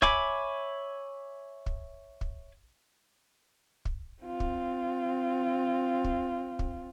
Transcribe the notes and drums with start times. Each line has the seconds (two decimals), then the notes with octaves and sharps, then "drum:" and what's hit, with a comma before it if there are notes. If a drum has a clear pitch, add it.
0.02 C#5 E5 G#5 B5 D6, drum: kick
1.66 drum: kick
2.21 drum: kick
3.85 drum: kick
4.23 C4 F4
4.40 drum: kick
6.04 drum: kick
6.59 drum: kick